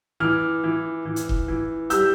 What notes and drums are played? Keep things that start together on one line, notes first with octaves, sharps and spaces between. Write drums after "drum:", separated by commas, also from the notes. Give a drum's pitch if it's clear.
E3 D6 F6
E3
E3
drum: hi-hat
drum: kick F1
E3
G3 E6 G6, drum: hi-hat